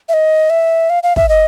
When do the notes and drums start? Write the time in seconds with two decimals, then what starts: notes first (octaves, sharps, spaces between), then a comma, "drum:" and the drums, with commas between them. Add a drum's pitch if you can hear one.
0.09 E5
0.14 D#5
0.50 E5
0.90 F5
1.03 F5
1.16 E5, drum: kick
1.29 D#5